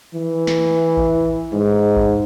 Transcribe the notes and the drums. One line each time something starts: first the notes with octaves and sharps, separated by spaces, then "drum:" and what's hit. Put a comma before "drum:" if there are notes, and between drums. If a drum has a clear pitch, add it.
E3
drum: snare
drum: kick A1
G#2
drum: kick A1